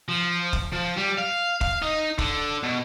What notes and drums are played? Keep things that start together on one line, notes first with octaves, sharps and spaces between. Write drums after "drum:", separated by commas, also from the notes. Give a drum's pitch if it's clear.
F3
drum: kick
F3
G3
F5
F5, drum: kick
D#4
D3, drum: kick
B2